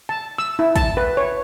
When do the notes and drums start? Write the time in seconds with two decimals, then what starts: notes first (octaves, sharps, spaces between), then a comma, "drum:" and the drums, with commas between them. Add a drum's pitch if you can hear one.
0.09 A5
0.38 E6
0.59 E4
0.76 A5, drum: kick, hi-hat
0.97 B4
1.17 C#5